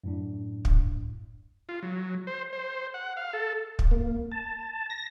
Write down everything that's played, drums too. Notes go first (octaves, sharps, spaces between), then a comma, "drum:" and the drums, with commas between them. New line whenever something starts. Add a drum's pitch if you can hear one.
F#2 A2 D4
drum: kick
F4
F#3
C5
C5
F#5
F5
A4
drum: kick
A#3
A5
A#6